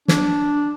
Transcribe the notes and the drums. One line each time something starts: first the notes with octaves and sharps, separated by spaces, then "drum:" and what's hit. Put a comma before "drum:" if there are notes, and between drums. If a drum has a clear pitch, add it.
D4, drum: snare